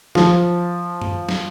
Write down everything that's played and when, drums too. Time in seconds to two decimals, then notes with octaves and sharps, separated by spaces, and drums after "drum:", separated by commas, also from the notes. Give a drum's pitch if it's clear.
0.15 F3, drum: snare
1.02 drum: tom F#2
1.29 drum: snare